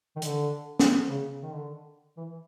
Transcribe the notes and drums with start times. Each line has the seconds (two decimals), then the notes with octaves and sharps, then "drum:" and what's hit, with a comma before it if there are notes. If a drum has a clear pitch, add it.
0.16 D#3
0.22 D3, drum: hi-hat
0.79 drum: snare
1.09 C#3
1.43 D#3
1.52 D3
2.17 E3